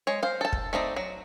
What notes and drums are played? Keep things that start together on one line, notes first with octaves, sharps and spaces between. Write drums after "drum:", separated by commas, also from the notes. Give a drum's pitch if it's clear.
G#3 C#5
C5 F5
A4 A5
drum: kick
A3 C4 D#4 D5
F#3